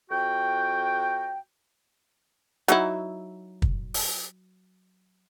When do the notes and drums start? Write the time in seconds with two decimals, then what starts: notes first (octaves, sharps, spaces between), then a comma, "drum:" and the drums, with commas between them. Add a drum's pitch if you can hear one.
0.10 F2 F#4 G5
2.68 F#3 D#4 E4, drum: hi-hat
3.62 drum: kick
3.94 drum: open hi-hat